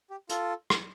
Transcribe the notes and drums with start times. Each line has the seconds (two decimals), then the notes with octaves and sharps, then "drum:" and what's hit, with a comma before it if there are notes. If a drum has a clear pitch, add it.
0.10 G4
0.29 F4 A4, drum: hi-hat
0.70 drum: rim click